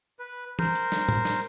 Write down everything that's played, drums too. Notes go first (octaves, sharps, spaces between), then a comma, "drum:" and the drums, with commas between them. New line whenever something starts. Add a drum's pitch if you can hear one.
B4
A#4 C5, drum: tom
drum: hi-hat
drum: snare
drum: tom A2
drum: snare